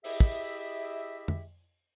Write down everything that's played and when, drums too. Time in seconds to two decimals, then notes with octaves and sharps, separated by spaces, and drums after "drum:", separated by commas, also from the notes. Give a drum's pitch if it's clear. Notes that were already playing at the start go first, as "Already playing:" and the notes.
0.04 E4 G4 G#4 D#5 E5, drum: open hi-hat
0.20 drum: kick
1.28 drum: tom F2